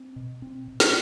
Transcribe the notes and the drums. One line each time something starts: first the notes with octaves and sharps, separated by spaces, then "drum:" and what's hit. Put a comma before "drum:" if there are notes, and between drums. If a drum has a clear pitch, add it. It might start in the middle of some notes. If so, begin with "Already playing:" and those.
Already playing: C4
B2
C4
B2
drum: snare